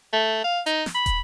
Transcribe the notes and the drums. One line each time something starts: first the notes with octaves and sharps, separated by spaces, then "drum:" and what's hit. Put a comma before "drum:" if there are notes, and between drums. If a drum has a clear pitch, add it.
A3
F5
D#4, drum: hi-hat
drum: snare
B5
drum: kick, hi-hat